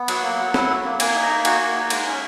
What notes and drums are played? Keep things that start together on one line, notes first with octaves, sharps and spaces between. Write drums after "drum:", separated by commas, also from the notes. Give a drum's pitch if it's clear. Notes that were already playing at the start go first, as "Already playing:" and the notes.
Already playing: B3
F#3 F#5, drum: cymbal
A#3
F#3
E4, drum: snare
F#3
A#3
A#3 G#5, drum: cymbal
D#4
A#5
A#3
F#4 G#5, drum: cymbal
A#3
D#4
G#3, drum: cymbal
C#4